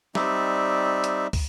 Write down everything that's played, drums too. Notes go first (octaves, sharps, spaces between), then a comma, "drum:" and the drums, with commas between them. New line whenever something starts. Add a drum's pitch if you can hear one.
G3 C4 D#4 D5 E5, drum: snare
drum: hi-hat
drum: kick, open hi-hat